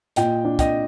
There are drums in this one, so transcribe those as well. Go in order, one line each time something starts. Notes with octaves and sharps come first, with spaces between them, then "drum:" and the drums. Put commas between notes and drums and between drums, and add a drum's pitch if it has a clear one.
A#2 D#5 G5, drum: hi-hat
D4
D#5 G5, drum: kick, hi-hat